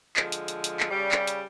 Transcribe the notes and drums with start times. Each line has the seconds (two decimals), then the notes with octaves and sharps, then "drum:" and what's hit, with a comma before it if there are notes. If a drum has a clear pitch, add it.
0.17 D3 F3 G#3, drum: clap
0.32 drum: hi-hat
0.48 drum: hi-hat
0.64 drum: hi-hat
0.80 drum: clap
0.91 C#3 G3
1.12 drum: clap
1.27 drum: hi-hat